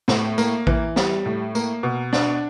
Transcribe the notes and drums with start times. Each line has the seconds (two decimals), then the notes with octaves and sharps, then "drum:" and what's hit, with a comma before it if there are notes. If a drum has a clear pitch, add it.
0.08 A2, drum: snare
0.38 A#3, drum: tambourine
0.67 E3, drum: kick A1
0.96 G3, drum: snare
1.25 A2
1.55 A#3, drum: tambourine
1.83 B2
2.13 D4, drum: snare